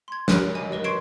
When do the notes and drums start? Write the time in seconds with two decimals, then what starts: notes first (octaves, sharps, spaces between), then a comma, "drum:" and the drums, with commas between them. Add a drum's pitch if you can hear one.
0.08 C6 G#6
0.28 A#4 G#5 F6 F#6, drum: snare
0.54 D#5 G#5
0.72 A#4 B4 D#5
0.84 C6 C#6 G#6 C7 D7 E7